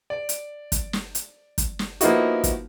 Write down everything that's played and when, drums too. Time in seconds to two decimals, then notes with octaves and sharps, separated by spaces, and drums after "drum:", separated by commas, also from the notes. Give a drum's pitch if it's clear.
0.10 D5
0.29 drum: hi-hat
0.72 drum: kick G1, hi-hat
0.93 drum: snare
1.15 drum: hi-hat
1.58 drum: kick G1, hi-hat
1.79 drum: snare
2.01 F3 A#3 B3 D#4 E4 F#4, drum: hi-hat
2.44 drum: kick G1, hi-hat